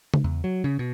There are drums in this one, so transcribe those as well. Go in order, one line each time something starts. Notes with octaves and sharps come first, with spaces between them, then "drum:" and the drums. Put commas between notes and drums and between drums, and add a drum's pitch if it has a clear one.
drum: tom C#3
E2
F#3
C#3
B2